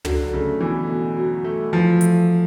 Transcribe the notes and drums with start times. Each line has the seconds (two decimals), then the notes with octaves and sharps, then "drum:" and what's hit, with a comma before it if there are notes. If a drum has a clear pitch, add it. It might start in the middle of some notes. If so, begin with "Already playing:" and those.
0.05 D3 F#3, drum: tom
0.33 C#3 A3
0.61 B2 E3
0.89 B2
1.17 F#3
1.44 A3
1.73 E3 F3
2.01 A3, drum: hi-hat